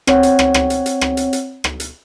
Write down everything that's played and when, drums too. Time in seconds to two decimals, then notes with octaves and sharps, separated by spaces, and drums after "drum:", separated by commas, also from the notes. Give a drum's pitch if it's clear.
0.07 C4 C#5 F#5, drum: rim click
0.23 drum: hi-hat
0.39 drum: rim click
0.54 drum: rim click
0.70 drum: hi-hat
0.86 drum: hi-hat
1.01 drum: rim click
1.17 drum: hi-hat
1.33 drum: hi-hat
1.64 drum: rim click
1.80 drum: hi-hat